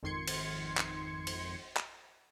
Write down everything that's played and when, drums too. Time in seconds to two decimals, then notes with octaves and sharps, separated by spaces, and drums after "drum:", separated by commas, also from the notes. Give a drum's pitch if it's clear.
0.03 G#1 F2 D#3 C6 G#6 C#7
0.28 drum: cymbal
0.77 drum: clap
1.27 drum: cymbal
1.77 drum: clap